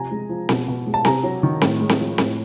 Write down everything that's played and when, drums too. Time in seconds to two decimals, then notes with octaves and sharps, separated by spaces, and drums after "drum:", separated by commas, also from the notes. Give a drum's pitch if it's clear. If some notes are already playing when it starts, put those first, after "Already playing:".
Already playing: C3 F3 G#5 A#5
0.11 G#3
0.29 F3
0.49 B2, drum: snare C4
0.68 B2
0.86 G#3
0.94 A5
1.05 C3 G#5 A#5, drum: snare C4
1.23 F#3
1.43 D#3
1.61 A2, drum: snare C4
1.80 G#3
1.89 drum: snare C4
1.99 F3
2.18 A2, drum: snare C4